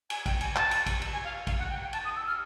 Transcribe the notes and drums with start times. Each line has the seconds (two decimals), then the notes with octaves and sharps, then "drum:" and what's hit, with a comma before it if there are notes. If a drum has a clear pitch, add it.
0.10 G#5, drum: cymbal
0.26 G5, drum: kick, cymbal
0.41 G#5, drum: cymbal
0.56 A5, drum: clap
0.71 drum: cymbal
0.86 drum: kick, cymbal
1.02 drum: cymbal
1.13 G#5
1.24 F5
1.47 F5, drum: kick, cymbal
1.59 F#5
1.70 G5
1.81 G5
1.93 A5, drum: cymbal
2.05 D#6
2.16 E6
2.27 F6